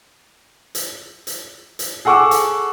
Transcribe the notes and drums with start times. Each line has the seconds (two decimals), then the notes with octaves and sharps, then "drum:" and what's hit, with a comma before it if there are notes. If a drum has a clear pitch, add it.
0.75 drum: hi-hat
1.27 drum: hi-hat
1.79 drum: hi-hat
2.05 G#4 A4 F#5 C#6 D6 E6
2.31 drum: hi-hat